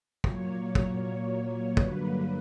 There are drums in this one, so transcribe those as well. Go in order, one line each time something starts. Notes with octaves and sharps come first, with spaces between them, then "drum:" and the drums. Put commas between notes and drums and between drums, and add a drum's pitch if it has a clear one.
A#2 F#3 A#3 C#5, drum: kick
drum: kick
G2 D3 F#3 A#3 B4, drum: kick